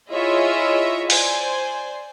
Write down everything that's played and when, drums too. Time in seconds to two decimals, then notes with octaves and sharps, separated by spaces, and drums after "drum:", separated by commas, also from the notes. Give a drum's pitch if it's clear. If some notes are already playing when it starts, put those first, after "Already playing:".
0.11 E4 F4 G#4 C#5 D#5 E5
1.10 C5 D5 G#5, drum: open hi-hat